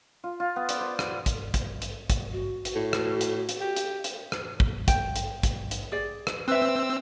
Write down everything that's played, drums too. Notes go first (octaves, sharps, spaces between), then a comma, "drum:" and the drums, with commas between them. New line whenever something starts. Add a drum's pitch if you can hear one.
F4
F4
B3
D5, drum: hi-hat
C5
B4, drum: rim click
drum: kick, hi-hat
drum: kick, hi-hat
drum: hi-hat
drum: kick, hi-hat
F#4
drum: hi-hat
A2
drum: rim click
drum: hi-hat
drum: hi-hat
G4
drum: hi-hat
drum: hi-hat
drum: rim click
drum: kick
G5, drum: kick, hi-hat
drum: hi-hat
drum: kick, hi-hat
drum: hi-hat
G#4 D5
drum: rim click
C4 B4 E5 E6